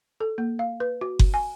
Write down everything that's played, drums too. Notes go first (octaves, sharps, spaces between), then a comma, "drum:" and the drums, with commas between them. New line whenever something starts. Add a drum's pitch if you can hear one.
A4
A#3
F5
B4
F#4
drum: kick F#1
G#5